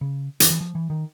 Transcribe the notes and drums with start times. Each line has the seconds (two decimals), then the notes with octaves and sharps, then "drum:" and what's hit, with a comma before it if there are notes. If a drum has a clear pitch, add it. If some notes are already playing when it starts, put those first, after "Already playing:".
0.01 C#3
0.40 E3, drum: hi-hat
0.50 E3
0.61 F3
0.75 E3
0.90 D#3